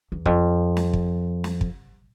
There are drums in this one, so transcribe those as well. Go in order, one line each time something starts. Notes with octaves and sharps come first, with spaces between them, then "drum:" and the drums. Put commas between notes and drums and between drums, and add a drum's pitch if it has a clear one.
E2
F2, drum: kick
drum: snare
drum: kick
drum: snare
drum: kick